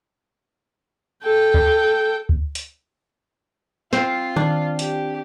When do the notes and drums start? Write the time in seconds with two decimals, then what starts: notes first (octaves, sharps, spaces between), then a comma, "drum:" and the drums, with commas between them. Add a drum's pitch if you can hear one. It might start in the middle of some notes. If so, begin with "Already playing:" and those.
1.23 A4 G5
1.54 drum: kick D2
2.29 drum: kick D2
2.55 drum: hi-hat
3.93 C4 F4 C7, drum: snare
4.36 D#3 D4
4.79 G4, drum: hi-hat